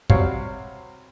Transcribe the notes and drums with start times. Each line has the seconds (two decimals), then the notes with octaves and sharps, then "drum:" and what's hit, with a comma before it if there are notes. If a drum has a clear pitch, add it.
0.10 C3 G3 C4 F#4 C#5 F5, drum: kick